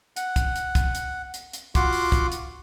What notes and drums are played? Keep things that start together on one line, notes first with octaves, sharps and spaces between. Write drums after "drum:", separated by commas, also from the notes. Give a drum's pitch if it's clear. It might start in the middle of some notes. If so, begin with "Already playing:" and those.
F#5, drum: hi-hat
drum: kick, hi-hat
drum: hi-hat
drum: kick, hi-hat
drum: hi-hat
drum: hi-hat
drum: hi-hat
F4 F#4 F#5 C6 D6, drum: kick, hi-hat
drum: open hi-hat
drum: kick, hi-hat
drum: hi-hat